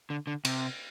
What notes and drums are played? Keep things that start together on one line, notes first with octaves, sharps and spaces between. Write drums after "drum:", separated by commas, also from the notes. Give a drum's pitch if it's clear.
D3
D3
C3, drum: cymbal